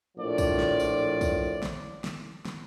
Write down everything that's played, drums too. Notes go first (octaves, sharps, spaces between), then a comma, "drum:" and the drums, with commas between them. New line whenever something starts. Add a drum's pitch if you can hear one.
A#1 A2 F3 D5
drum: kick, tambourine
drum: snare
drum: tambourine
drum: kick, tambourine
drum: snare
drum: snare
drum: snare